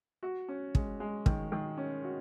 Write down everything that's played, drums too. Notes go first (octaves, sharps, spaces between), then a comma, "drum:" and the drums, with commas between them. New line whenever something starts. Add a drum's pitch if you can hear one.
F#4
C#4
G#3, drum: kick
G#3
D#3, drum: kick
D#3
C#4
F#4